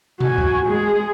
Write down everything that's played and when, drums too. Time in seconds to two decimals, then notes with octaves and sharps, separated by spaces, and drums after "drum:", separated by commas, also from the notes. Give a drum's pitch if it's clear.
0.20 F#4 G#5, drum: tom A#2
0.38 drum: kick C#2
0.66 G#3 G#4